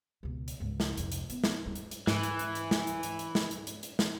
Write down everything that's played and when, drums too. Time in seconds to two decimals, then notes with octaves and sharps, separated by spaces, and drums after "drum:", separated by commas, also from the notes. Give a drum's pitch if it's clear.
0.23 C#2 B2
0.48 drum: hi-hat
0.60 C#2 G#2
0.80 drum: snare
0.97 C2 F2, drum: hi-hat
1.12 drum: hi-hat
1.30 B3, drum: hi-hat
1.44 drum: snare
1.66 D2 G3
1.75 drum: hi-hat
1.91 drum: hi-hat
2.07 G#2 E3, drum: snare
2.23 drum: hi-hat
2.39 drum: hi-hat
2.55 drum: hi-hat
2.71 drum: snare
2.87 drum: hi-hat
3.03 drum: hi-hat
3.19 drum: hi-hat
3.35 drum: snare
3.51 drum: hi-hat
3.67 drum: hi-hat
3.83 drum: hi-hat
3.99 drum: snare